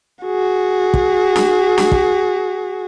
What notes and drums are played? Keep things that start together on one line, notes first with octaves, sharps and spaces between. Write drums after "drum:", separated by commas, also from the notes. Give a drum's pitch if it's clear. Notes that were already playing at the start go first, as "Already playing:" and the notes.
F#4 G#4
drum: kick
drum: snare
drum: snare
drum: kick